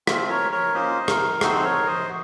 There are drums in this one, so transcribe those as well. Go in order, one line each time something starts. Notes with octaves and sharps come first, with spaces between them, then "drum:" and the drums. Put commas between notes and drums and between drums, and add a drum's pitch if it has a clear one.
A3 C4 F4, drum: rim click
A#4 C#5
A#4 C#5
A#3 C#4 F4 C5 D#5
A#4, drum: rim click
C4 D#4 F#4 A4 C5, drum: rim click
C5
A#4 C#5
C5 D#5
F#4